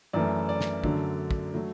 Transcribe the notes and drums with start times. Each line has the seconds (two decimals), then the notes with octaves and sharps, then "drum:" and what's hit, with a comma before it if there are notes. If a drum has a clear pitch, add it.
0.13 F#2 E3 A3 D5
0.49 D5
0.61 drum: snare
0.84 F#2 D3 F#3 A3, drum: kick
1.31 drum: kick
1.54 F#3 A3